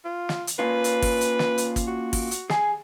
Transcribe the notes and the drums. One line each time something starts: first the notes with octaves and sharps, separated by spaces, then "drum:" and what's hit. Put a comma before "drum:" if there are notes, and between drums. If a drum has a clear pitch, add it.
F4
drum: snare
drum: hi-hat
A#3 C#4 F4 B4
drum: hi-hat
drum: kick, open hi-hat
drum: hi-hat
drum: snare
drum: hi-hat
drum: kick, hi-hat
F#4
drum: kick, open hi-hat
drum: hi-hat
G#4 G#5, drum: snare